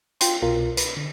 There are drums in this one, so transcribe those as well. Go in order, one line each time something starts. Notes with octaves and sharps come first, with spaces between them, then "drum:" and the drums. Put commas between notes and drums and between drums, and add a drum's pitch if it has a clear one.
F4 G5 C6, drum: hi-hat
C2 B2 F4 A#4
B4, drum: hi-hat
D3